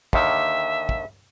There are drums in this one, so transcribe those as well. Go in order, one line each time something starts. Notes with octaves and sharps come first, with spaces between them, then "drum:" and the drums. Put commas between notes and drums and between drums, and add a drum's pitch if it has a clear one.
D#2 D3 D#3 E5, drum: kick
drum: kick